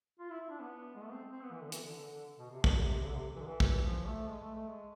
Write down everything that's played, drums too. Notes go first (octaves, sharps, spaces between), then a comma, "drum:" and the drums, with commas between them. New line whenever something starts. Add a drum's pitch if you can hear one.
F4
E4
E4
D4
B3
G#3
A3
C4
C4
B3
E3
D3
E3, drum: hi-hat
D3
D3
D3
B2
C3
B2, drum: kick
D3
C3
D3
C3
E3
D3
E3
drum: kick
F3
A3
G#3
A3
A3
G#3